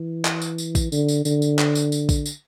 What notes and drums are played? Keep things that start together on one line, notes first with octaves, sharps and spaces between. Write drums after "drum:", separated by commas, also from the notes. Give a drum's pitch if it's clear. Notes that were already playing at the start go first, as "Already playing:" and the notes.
Already playing: E3
drum: clap
drum: tambourine
drum: tambourine
drum: kick A1, tambourine
D3, drum: tambourine
drum: tambourine
D3, drum: tambourine
drum: tambourine
drum: clap
drum: tambourine
drum: tambourine
drum: kick A1, tambourine
drum: tambourine